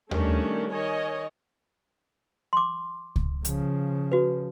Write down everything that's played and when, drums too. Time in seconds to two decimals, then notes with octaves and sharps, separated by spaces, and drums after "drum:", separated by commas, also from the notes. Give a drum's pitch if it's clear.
0.11 D#3 G3 A3 C#4 D4, drum: tom D#2
0.73 D#3 C#5 D#5 G#5
2.53 C6 D6
3.16 drum: kick C#2
3.45 C#3 F3, drum: hi-hat
4.12 F#4 B4